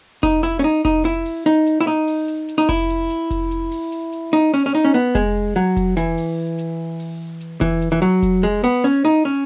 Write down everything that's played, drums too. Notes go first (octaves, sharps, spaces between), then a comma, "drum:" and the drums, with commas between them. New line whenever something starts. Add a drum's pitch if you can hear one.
D#4, drum: kick F1, hi-hat
E4, drum: hi-hat
C#4
D#4
D#4, drum: kick F1, hi-hat
E4, drum: hi-hat
drum: open hi-hat
D#4, drum: hi-hat
drum: hi-hat
E4
D#4
drum: open hi-hat
drum: hi-hat
drum: hi-hat
D#4
E4, drum: kick F1, hi-hat
drum: hi-hat
drum: hi-hat
drum: kick F1, hi-hat
drum: hi-hat
drum: open hi-hat
drum: hi-hat
drum: hi-hat
D#4
C#4, drum: open hi-hat
C#4
D#4, drum: hi-hat
C#4
B3, drum: hi-hat
G#3, drum: kick F1, hi-hat
F#3, drum: hi-hat
drum: kick F1, hi-hat
E3, drum: hi-hat
drum: open hi-hat
drum: hi-hat
drum: open hi-hat
drum: hi-hat
E3, drum: kick F1, hi-hat
drum: hi-hat
E3
F#3, drum: hi-hat
drum: kick F1, hi-hat
G#3, drum: hi-hat
B3, drum: open hi-hat
C#4, drum: hi-hat
D#4, drum: hi-hat
C#4